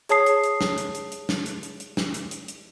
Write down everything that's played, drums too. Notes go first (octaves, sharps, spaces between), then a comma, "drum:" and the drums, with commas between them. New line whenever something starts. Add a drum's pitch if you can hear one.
G#4 C#5 A5 D#6 C7, drum: hi-hat
drum: hi-hat
drum: hi-hat
drum: snare
drum: hi-hat
drum: hi-hat
drum: hi-hat
drum: snare
drum: hi-hat
drum: hi-hat
drum: hi-hat
drum: snare
drum: hi-hat
drum: hi-hat
drum: hi-hat